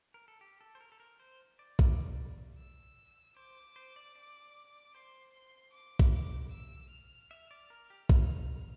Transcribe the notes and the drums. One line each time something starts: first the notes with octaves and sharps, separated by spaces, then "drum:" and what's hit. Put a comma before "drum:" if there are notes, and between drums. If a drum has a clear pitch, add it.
A#4
A4
G4
A4
C5
A#4
A4
A#4
C5
D5
drum: kick A#1
E6
C5 D6
C5
D5
D5
C5 C6
C6
D6
drum: kick A#1
D6
E6
F6
E5
D5
A#4
G4
F4, drum: kick A#1